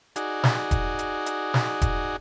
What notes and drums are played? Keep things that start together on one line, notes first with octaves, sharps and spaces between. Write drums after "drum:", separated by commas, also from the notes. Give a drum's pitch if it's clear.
D#4 F#4 G#4 D5, drum: hi-hat
drum: snare
drum: kick E1, hi-hat
drum: hi-hat
drum: hi-hat
drum: snare
drum: kick E1, hi-hat